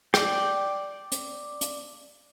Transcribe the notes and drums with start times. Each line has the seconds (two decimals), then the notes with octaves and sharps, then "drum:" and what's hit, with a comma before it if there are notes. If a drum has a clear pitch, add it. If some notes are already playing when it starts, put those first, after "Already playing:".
0.14 D5 G5, drum: rim click
1.12 drum: hi-hat
1.61 drum: hi-hat